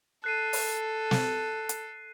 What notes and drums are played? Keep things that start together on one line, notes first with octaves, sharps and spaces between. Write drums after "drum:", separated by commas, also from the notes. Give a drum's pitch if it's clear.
A4 F#6 C7 D#7
drum: open hi-hat
drum: snare
drum: hi-hat